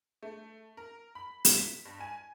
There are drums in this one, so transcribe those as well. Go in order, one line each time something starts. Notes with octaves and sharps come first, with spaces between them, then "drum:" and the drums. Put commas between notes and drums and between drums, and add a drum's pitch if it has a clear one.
A3
A#4
B5
drum: hi-hat
B6
G2
G#5